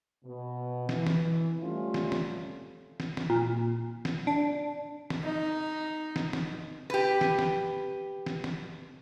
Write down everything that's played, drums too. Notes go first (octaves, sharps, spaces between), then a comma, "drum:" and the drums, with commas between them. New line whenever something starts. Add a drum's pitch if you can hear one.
B2
E3, drum: snare
drum: snare
G3 A3 C#4 F4
drum: snare
drum: snare
drum: snare
drum: snare
A#2
drum: snare
D4
drum: snare
D#4
drum: snare
drum: snare
G4 B4
drum: snare
drum: snare
drum: snare
drum: snare